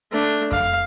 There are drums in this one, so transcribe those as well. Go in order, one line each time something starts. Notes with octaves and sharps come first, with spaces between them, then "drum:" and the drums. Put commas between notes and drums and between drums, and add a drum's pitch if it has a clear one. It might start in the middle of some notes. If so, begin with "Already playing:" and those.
A3 D4
F5, drum: kick F2